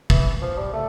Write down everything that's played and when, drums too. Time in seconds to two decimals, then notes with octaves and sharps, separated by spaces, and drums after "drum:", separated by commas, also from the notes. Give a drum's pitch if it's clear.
0.10 E3, drum: kick
0.41 F3
0.58 G3
0.73 A3